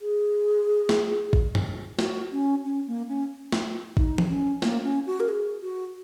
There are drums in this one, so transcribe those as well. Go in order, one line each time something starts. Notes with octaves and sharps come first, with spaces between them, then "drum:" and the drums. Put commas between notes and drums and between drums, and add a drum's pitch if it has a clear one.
G#4
drum: snare
drum: kick A1
drum: tom F#2
F#4, drum: snare
C#4
C#4
A#3
C#4
drum: snare
D#4, drum: kick A1
drum: tom E3
C#4
A#3, drum: snare
C#4
F#4
A#4
G#4
F#4